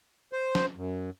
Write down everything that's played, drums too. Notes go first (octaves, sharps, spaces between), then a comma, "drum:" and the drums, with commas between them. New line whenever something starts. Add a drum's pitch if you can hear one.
C5
drum: snare
F#2